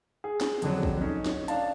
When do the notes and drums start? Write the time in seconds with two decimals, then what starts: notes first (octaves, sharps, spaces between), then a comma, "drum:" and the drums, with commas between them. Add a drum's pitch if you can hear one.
0.24 G#4
0.41 drum: snare
0.62 F2 D3 F#3, drum: hi-hat
0.83 drum: kick
1.01 C#4 D#4
1.26 drum: snare
1.48 D4 F5 A5, drum: hi-hat